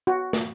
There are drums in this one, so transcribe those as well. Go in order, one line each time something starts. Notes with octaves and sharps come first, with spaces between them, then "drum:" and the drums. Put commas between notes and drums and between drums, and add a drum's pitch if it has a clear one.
F#4
drum: snare